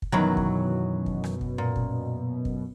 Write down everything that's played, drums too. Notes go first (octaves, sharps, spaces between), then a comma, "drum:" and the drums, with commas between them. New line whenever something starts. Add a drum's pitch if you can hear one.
drum: kick
F#2 B2 D#3 E3 F#3
drum: kick
drum: kick
drum: rim click
drum: kick
A#2
drum: kick
drum: kick